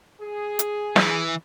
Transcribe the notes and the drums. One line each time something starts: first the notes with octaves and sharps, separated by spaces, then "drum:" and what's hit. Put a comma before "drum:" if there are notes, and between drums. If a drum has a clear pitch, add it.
G#4
drum: hi-hat
E3, drum: snare